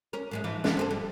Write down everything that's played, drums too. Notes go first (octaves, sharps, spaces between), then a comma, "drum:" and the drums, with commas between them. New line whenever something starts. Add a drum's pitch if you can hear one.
C#4 A#4
A2 F#3 G#3
E3 F3 D#4
B3 D4, drum: snare
C4 G#4 A4
G3